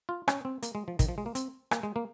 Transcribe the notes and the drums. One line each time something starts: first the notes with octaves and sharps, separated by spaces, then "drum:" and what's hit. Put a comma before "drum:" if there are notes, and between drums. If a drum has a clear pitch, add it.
F4
C#4, drum: rim click
C4
A#3, drum: hi-hat
G#3
F3
D#3, drum: kick, hi-hat
F3
G#3
A#3
C4, drum: hi-hat
A#3, drum: rim click
G#3
A#3